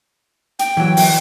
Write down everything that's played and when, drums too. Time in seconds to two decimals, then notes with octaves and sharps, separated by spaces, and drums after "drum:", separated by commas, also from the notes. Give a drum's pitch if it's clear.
0.59 G5, drum: hi-hat
0.77 E3 F#3
0.97 drum: open hi-hat